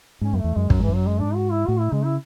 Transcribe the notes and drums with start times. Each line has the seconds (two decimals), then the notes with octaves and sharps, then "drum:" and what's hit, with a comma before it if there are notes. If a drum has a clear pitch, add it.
0.21 G#2 C#4
0.33 F#2 A3
0.44 E2
0.55 F#2 G#3
0.70 F#2 F#3, drum: kick
0.80 G#2 E3
0.88 F#2
0.95 F#3
1.07 G#3
1.19 G#2 D4
1.35 F#4
1.52 E4
1.68 A2 F#4
1.80 E4
1.92 C#3 G#3
2.04 E4